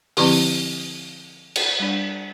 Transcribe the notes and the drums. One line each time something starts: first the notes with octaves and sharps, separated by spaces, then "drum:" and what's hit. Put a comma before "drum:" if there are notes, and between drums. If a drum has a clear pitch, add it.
D3 F3 C4 E4 G4, drum: open hi-hat
drum: cymbal
G3 D4